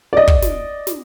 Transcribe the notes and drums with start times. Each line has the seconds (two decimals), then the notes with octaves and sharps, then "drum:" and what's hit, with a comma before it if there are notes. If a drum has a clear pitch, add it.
0.13 D5 D#5
0.28 drum: kick
0.42 drum: snare
0.87 drum: snare